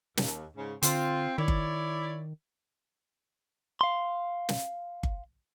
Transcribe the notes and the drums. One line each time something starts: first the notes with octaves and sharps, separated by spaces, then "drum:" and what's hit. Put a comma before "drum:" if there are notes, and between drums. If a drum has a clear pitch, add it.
D#2, drum: snare
G#2 C#3
D3 C4 F4, drum: hi-hat
D#3 E4 C#5 D5
drum: kick G1
F5 C6
drum: snare
drum: kick G1